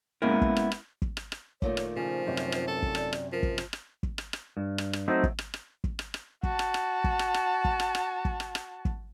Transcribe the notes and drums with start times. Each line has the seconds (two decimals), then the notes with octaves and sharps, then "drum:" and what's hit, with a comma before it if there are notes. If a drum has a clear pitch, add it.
0.22 G#3 A#3 B3 C#4 E4 A#4
0.41 drum: kick
0.57 drum: rim click
0.72 drum: rim click
1.02 drum: kick
1.17 drum: rim click
1.32 drum: rim click
1.62 A#2 D#3 A3 C#5, drum: kick
1.77 drum: rim click
1.96 C#3 F3 C5
2.27 F#2 C3 C#5
2.37 drum: rim click
2.52 drum: rim click
2.67 A4
2.82 drum: kick
2.95 D5, drum: rim click
3.13 drum: rim click
3.32 F3 A#4
3.43 drum: kick
3.58 drum: rim click
3.73 drum: rim click
4.03 drum: kick
4.18 drum: rim click
4.33 drum: rim click
4.57 G2
4.78 drum: rim click
4.93 drum: rim click
5.08 F#3 A3 C4 D#4
5.23 drum: kick
5.39 drum: rim click
5.54 drum: rim click
5.84 drum: kick
5.99 drum: rim click
6.14 drum: rim click
6.43 F#4 A5, drum: kick
6.59 drum: rim click
6.74 drum: rim click
7.04 drum: kick
7.19 drum: rim click
7.34 drum: rim click
7.65 drum: kick
7.80 drum: rim click
7.95 drum: rim click
8.25 drum: kick
8.40 drum: rim click
8.55 drum: rim click
8.85 drum: kick